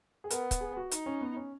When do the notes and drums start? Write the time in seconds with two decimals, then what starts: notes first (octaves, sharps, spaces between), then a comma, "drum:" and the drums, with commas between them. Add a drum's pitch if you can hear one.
0.24 G#4
0.30 B3 A#4, drum: hi-hat
0.51 drum: kick C#1, hi-hat
0.61 G#4
0.77 F#4
0.91 D#4, drum: hi-hat
1.06 C#4
1.21 B3
1.36 C#4